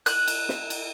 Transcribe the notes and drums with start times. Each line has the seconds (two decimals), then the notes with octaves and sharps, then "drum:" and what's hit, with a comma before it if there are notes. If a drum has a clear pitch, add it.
0.06 F#6, drum: cymbal
0.28 drum: cymbal
0.49 drum: snare
0.70 drum: cymbal